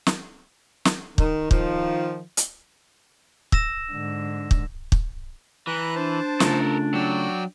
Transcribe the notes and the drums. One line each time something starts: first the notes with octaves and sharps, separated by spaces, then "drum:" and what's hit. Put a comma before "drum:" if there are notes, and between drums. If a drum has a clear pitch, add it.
drum: snare
drum: snare
D#3, drum: kick
D#3 F3, drum: kick
drum: hi-hat
E6 A#6 E7, drum: kick
G#2 D3
drum: kick
drum: kick
E3 B4 A#5 F#6
D4 C5 A5
C#3 A3 F4 A4 A#4, drum: snare
F#3 D5 G5